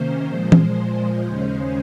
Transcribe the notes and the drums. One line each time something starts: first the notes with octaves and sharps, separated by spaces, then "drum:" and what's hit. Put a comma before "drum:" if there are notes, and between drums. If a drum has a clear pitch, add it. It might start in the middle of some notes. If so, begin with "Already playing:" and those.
Already playing: C3 D#3 A#3 C#4 C5
A#2 F3 G#3 C5
drum: tom E3
D#2 C#3 G#3 C#4